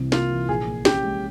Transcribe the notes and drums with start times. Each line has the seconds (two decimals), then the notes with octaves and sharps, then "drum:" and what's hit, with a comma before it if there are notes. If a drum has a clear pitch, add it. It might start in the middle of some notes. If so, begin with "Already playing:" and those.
Already playing: C2 C3 E3
0.12 A#3 F4, drum: snare
0.31 E3
0.48 A#1 G#4
0.67 A#2
0.85 C#4 G4, drum: snare
1.04 G#3